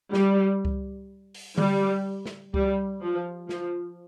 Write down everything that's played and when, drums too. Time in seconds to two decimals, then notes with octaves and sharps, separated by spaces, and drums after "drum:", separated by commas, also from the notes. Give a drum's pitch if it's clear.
0.14 G3, drum: snare
0.65 drum: kick C#2
1.34 drum: open hi-hat
1.58 G3, drum: tom D3
2.26 drum: snare
2.54 G3, drum: kick C#2
3.02 F3
3.49 F3, drum: snare